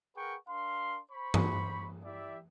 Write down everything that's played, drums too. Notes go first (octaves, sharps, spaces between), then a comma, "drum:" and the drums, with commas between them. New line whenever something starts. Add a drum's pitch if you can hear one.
G#4 A#4 B4 F#5 G5 C#6
D4 A#4 F5 C6
C5 B5 C#6
drum: tom G2
E4 G4 D5 E5